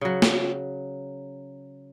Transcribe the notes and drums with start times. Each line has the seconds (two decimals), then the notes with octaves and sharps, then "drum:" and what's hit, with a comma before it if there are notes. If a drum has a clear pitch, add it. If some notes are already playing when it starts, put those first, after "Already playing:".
0.01 C#3 F#3
0.22 drum: snare